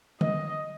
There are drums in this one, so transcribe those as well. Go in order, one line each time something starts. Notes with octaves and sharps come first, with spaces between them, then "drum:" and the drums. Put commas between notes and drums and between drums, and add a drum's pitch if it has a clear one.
D#5, drum: tom D3